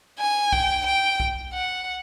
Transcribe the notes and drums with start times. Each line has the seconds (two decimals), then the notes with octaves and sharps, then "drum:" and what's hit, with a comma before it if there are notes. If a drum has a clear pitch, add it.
0.19 G#5
0.53 G5, drum: kick B1
0.86 G5
1.20 drum: kick B1
1.53 F#5